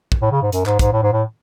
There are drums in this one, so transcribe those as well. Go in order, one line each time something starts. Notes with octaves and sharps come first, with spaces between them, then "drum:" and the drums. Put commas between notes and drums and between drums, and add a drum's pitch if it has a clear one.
drum: kick
A2
C#3
G#2
F#2, drum: hi-hat
G#2, drum: clap
G#2, drum: kick, hi-hat
A2
G#2
A2